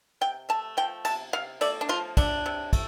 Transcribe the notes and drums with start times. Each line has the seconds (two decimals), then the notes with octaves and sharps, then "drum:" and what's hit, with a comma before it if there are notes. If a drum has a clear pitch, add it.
0.21 C3 G5
0.49 A3 A5
0.77 F3 G5
1.05 C3 A5, drum: cymbal
1.33 C3 F5
1.61 A3 D5, drum: cymbal
1.81 D4
1.89 F3 F4
2.17 C3 D4, drum: kick, cymbal
2.46 C3
2.73 A3, drum: kick, cymbal